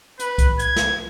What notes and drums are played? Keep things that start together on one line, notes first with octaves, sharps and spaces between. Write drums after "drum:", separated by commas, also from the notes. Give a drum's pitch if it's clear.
B4, drum: hi-hat
drum: kick C2, hi-hat
G#6, drum: hi-hat
drum: snare